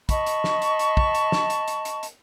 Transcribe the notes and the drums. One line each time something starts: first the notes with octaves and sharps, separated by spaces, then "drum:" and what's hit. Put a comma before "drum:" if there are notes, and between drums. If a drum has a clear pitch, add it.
D#5 A5 B5 C#6, drum: kick, hi-hat
drum: hi-hat
drum: snare
drum: hi-hat
drum: hi-hat
drum: kick
drum: hi-hat
drum: snare
drum: hi-hat
drum: hi-hat
drum: hi-hat
drum: hi-hat